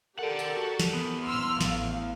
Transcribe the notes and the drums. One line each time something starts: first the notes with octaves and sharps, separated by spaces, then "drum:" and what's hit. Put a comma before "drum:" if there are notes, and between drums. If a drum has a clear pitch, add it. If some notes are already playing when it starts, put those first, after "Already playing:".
G4 A4 A#4 D5 F#5
drum: tambourine
F#4
drum: snare
E3 B3
C6 E6 F6
A1 F5, drum: snare